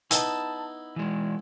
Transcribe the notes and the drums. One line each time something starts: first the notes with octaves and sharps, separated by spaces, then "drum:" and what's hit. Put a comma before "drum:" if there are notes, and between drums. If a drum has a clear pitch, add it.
B3 D#4 E4 G#5 A5, drum: hi-hat
E3 G#3